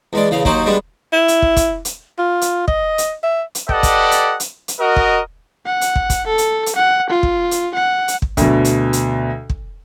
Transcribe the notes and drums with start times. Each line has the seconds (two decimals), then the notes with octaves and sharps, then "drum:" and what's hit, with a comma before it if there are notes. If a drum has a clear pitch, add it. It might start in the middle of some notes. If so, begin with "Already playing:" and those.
0.13 E2 G#3 D5
0.31 E2 C#3 F5
0.45 D#2 F#3 D#4 F#4 C5 D6, drum: kick
0.66 G3 G#3 B3 D4
1.13 E4
1.28 drum: hi-hat
1.42 drum: kick
1.56 drum: kick, hi-hat
1.85 drum: hi-hat
2.19 F4
2.41 drum: hi-hat
2.68 D#5, drum: kick
2.98 drum: hi-hat
3.23 E5
3.55 drum: hi-hat
3.69 G4 A4 B4 D5 D#5 F#5, drum: kick
3.83 drum: kick, hi-hat
4.11 drum: hi-hat
4.40 drum: hi-hat
4.68 drum: hi-hat
4.80 F#4 A#4 D#5
4.96 drum: kick
5.66 F#5
5.81 drum: hi-hat
5.96 drum: kick
6.10 drum: kick, hi-hat
6.27 A4
6.38 drum: hi-hat
6.66 drum: hi-hat
6.76 F#5
7.10 F4
7.23 drum: kick
7.51 drum: hi-hat
7.75 F#5
8.08 drum: hi-hat
8.22 drum: kick
8.37 D2 B2, drum: kick, hi-hat
8.65 drum: hi-hat
8.93 drum: hi-hat
9.50 drum: kick